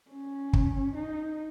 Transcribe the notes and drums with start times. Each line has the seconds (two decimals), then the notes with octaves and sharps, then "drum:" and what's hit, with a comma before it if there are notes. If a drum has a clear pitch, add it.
0.10 C#4
0.53 drum: kick
0.95 D#4